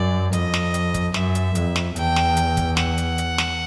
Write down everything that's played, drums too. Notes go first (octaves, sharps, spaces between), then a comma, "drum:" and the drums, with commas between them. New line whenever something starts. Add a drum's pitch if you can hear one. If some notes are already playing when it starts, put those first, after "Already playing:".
Already playing: F#2 D5
F2 D#5, drum: hi-hat
drum: snare
drum: hi-hat
drum: kick, hi-hat
F#2 E5, drum: snare
drum: hi-hat
F2, drum: hi-hat
drum: snare
E2 G5, drum: hi-hat
drum: snare
drum: hi-hat
drum: kick, hi-hat
F#5, drum: snare
drum: hi-hat
drum: hi-hat
drum: snare